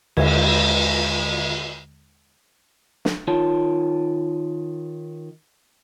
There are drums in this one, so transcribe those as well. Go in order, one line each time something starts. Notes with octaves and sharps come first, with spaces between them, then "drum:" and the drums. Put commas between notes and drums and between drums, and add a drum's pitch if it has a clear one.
D#2 D3 G#3 G#6, drum: cymbal
drum: snare
D#3 F4 C#5 A5